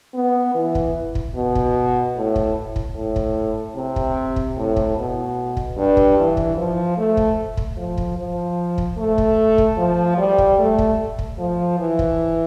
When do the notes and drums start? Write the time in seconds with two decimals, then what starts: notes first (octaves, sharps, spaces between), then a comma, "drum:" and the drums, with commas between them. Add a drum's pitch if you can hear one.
0.14 B3
0.55 E3
0.75 drum: kick
1.15 drum: kick
1.35 B2
1.55 drum: kick
2.16 A2
2.36 drum: kick
2.76 drum: kick
2.96 A2
3.16 drum: kick
3.76 C3
3.96 drum: kick
4.36 drum: kick
4.57 A2
4.76 drum: kick
4.97 B2
5.57 drum: kick
5.77 G2
5.97 drum: kick
6.17 E3
6.37 drum: kick
6.57 F3
6.97 A3
7.17 drum: kick
7.57 drum: kick
7.77 F3
7.98 drum: kick
8.18 F3
8.78 drum: kick
8.98 A3
9.18 drum: kick
9.58 drum: kick
9.78 F3
10.18 G3
10.38 drum: kick
10.59 A3
10.78 drum: kick
11.19 drum: kick
11.38 F3
11.79 E3
11.99 drum: kick